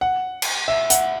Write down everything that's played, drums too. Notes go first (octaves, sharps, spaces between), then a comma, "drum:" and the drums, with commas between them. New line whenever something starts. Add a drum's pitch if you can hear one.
F#5
drum: cymbal
E5
F#5, drum: hi-hat